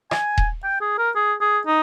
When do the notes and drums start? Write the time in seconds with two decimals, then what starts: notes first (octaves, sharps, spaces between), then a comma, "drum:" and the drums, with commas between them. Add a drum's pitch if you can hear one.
0.11 G#5, drum: rim click
0.38 drum: kick D#1
0.64 G5
0.81 G#4
0.98 A#4
1.16 G#4
1.41 G#4
1.67 D#4